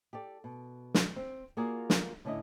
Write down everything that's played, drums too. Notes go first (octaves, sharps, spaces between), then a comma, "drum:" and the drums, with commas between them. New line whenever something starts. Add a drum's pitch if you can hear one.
G4 A4 D5
B2
drum: snare
C4
A#3 F4 F#4 G#4 A#4 D5
drum: snare
A2 D3 C#4 E4 D#5